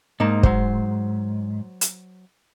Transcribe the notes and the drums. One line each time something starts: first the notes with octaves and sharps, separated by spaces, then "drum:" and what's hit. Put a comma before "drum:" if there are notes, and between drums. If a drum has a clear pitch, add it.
G#2 A#3 D#4
F#3 C5, drum: kick
drum: hi-hat